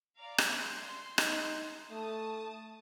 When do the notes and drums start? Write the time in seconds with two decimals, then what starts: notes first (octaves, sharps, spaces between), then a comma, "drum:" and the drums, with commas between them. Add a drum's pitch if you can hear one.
0.18 D5 F5 A#5
0.38 drum: rim click
0.54 C6
1.18 D#4, drum: rim click
1.91 A3 A5 D#6